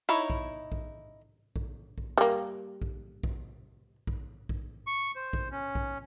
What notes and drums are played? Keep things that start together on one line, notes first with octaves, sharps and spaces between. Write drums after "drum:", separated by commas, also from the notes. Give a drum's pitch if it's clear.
D#4 E4 C#5
drum: kick A#1
drum: kick A#1
drum: kick A#1
drum: kick A#1
G3 A#3
drum: kick A#1
drum: kick A#1
drum: kick A#1
drum: kick A#1
C#6
C5
drum: kick A#1
C#4
drum: kick A#1